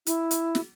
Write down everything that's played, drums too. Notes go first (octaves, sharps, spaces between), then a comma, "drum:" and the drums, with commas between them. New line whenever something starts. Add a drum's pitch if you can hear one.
E4, drum: hi-hat
drum: hi-hat
drum: snare